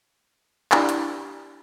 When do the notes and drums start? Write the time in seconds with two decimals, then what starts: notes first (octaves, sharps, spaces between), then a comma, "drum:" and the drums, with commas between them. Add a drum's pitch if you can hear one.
0.72 D4 E4 G4 D5 B5, drum: clap
0.89 drum: hi-hat